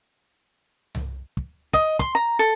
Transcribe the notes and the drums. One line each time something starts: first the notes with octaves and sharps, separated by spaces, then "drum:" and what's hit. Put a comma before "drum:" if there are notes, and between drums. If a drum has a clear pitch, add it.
drum: tom C2
drum: kick
D#5, drum: kick
C6, drum: kick
A#5
A4